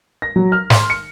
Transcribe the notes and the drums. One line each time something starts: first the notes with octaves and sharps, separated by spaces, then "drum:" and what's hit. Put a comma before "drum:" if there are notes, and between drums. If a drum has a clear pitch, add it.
A#6
F#3
F6
C6, drum: snare
C#7